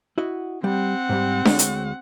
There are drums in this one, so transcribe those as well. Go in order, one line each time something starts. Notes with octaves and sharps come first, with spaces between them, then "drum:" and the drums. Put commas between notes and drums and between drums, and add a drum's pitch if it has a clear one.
E4 F#4 D#5
G3 C4 F#5
G#2 G3
D2 G#3 C#5, drum: snare D4
drum: hi-hat